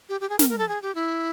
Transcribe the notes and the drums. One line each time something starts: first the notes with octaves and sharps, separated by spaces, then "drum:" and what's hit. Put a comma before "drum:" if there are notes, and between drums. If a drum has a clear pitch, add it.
G4
G4
G#4
A#4, drum: snare
A#4
A4
G#4
G4
E4